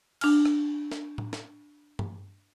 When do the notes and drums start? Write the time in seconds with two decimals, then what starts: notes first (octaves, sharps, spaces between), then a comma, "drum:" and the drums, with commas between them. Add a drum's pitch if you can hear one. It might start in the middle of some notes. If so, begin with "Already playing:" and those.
0.21 D4 F6, drum: cymbal
0.45 drum: rim click
0.92 drum: snare
1.18 drum: tom A2
1.33 drum: snare
1.99 drum: tom G2